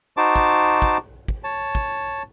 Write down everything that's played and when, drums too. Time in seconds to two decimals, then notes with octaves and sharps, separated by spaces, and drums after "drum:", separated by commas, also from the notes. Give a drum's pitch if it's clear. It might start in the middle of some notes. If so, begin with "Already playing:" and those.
0.17 D#4 F#4 C5 A5 D6
0.36 drum: kick
0.82 drum: kick
1.28 drum: kick
1.44 C#5 A5
1.75 drum: kick